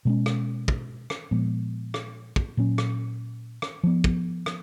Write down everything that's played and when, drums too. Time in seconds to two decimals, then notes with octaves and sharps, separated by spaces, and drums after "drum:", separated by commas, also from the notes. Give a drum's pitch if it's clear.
0.05 B2 G#3 C#4
0.26 drum: rim click
0.68 drum: kick
1.10 drum: rim click
1.31 A#2 F3 G#3 B3
1.94 drum: rim click
2.36 drum: kick
2.57 A#2 F#3 A#3 C#4
2.78 drum: rim click
3.62 drum: rim click
3.83 F3 B3
4.04 drum: kick
4.46 drum: rim click